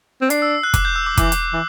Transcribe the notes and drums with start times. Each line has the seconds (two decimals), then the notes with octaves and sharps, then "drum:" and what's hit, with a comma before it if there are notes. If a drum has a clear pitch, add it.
0.21 C4
0.30 D4 C7, drum: hi-hat
0.42 E6
0.63 F#6
0.74 D6, drum: kick, hi-hat
0.85 G6
0.96 E6
1.06 D6
1.17 E3 D6, drum: kick, hi-hat
1.32 drum: hi-hat
1.53 E3